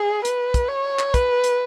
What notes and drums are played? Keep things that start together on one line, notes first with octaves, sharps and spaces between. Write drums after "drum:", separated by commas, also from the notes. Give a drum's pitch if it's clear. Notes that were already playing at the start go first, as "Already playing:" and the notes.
Already playing: G#4
B4, drum: hi-hat
drum: kick, hi-hat
C#5
drum: clap
B4, drum: kick, hi-hat
drum: hi-hat